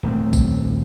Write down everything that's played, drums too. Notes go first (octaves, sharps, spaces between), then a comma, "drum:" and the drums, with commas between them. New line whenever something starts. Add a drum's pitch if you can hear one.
D#1 A3 C4
drum: kick A#1, tambourine